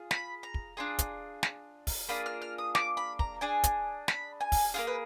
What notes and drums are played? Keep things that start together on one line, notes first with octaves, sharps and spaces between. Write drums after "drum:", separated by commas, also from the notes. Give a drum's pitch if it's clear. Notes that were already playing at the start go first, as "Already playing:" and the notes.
Already playing: F4 G#4
B5, drum: snare
A#5
drum: kick
D4 F4 G#4
drum: kick, hi-hat
drum: snare
drum: kick, open hi-hat
A#3 D4 F4 G#4 B5
F6
F6
D#6
D6, drum: snare
B5
A#5, drum: kick
D4 G#4 G#5
drum: kick, hi-hat
B5, drum: snare
G#5
drum: kick, open hi-hat
A#3 F4 G#4 F5
B4